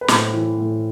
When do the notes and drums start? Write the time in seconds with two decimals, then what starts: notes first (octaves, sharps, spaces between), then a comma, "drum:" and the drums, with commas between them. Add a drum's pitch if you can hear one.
0.01 B4
0.08 A2 C5, drum: snare
0.33 E3
0.58 A2